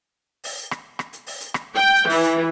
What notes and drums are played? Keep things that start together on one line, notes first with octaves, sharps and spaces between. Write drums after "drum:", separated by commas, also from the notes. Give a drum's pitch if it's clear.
drum: open hi-hat
drum: rim click
drum: rim click
drum: hi-hat
drum: open hi-hat
drum: hi-hat
drum: rim click
G5
drum: hi-hat
E3, drum: open hi-hat
drum: hi-hat